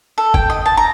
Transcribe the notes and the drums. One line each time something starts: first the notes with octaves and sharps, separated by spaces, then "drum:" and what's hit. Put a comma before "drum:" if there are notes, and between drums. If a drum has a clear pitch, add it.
A4
G5, drum: kick G1
D#5
A5
A#5